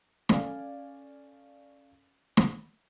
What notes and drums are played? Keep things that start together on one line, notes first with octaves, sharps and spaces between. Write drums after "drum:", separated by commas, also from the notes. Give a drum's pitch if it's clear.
C#4 A4 D5 F5 G#5, drum: snare
drum: snare